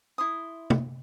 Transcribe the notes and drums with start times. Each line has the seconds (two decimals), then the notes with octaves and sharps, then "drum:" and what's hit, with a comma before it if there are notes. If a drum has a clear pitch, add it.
0.18 E4 C6 D#6
0.70 drum: tom